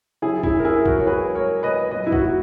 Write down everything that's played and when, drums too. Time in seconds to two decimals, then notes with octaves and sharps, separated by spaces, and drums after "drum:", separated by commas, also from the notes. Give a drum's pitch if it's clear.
0.22 C#3 F#3 E4 G#4
0.43 E4 G#4, drum: kick
0.60 A#4
0.65 E4 G#4
0.86 F#4 A#4, drum: kick
1.00 C#5
1.07 G#4 B4
1.35 A#4 C#5
1.63 B4 D#5
1.91 A#2 F#3 B4 D#5
2.07 E4
2.12 D#4 F#4, drum: kick
2.25 F#4